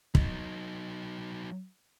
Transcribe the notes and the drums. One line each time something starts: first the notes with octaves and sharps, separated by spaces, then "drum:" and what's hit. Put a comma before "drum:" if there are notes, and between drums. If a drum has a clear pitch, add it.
F#3 D#4, drum: kick